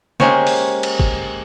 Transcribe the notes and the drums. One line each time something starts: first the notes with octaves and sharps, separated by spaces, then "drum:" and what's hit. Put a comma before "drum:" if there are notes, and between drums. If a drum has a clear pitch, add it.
G#3 A#3 C#4 G4 C5 C#5, drum: snare
drum: open hi-hat
drum: cymbal
drum: kick